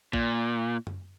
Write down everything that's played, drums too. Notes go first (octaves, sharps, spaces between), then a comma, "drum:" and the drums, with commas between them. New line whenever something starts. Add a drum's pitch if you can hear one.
A#2, drum: kick
drum: tom F#2